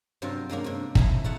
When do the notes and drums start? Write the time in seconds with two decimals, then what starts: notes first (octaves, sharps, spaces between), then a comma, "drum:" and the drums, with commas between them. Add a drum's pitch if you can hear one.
0.22 G2 C3 F#3 C4 F4
0.49 G2 G#3 A#3 C#4
0.64 G2 C3
0.95 A3 D#4 E4, drum: kick
1.24 E2 D#4 A4 F#5 A5